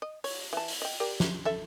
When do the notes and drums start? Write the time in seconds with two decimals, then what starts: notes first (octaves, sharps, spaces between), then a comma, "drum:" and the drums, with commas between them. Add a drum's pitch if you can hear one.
0.02 D#5
0.24 C#5, drum: open hi-hat
0.53 E3 A5
0.68 drum: open hi-hat
0.82 D#5 G5
1.00 G4 A#4 D5
1.20 drum: snare
1.45 A4 E5